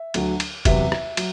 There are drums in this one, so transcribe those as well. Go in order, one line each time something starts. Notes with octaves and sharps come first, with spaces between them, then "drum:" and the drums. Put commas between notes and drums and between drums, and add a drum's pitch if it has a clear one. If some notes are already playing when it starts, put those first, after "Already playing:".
Already playing: E5
D2 D3 F#3, drum: cymbal
drum: cymbal
E2 C3 F#3 E5, drum: kick, cymbal
drum: rim click
F#3, drum: cymbal